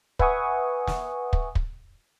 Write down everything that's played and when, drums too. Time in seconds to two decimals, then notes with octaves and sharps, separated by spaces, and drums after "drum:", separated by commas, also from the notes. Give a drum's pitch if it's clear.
0.19 B4 E5 F#5 G#5 C#6 D#6, drum: kick
0.87 drum: snare
1.33 drum: kick
1.55 drum: kick